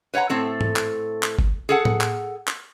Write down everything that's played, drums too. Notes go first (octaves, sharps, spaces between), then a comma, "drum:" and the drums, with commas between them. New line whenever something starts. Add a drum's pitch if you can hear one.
B4 C#5 F5 F#5 A#5
A2 A3 C4 A4
drum: tom G#2
drum: clap
drum: clap
drum: kick G1
G#4 A4 F#5
drum: tom A2
drum: clap
drum: clap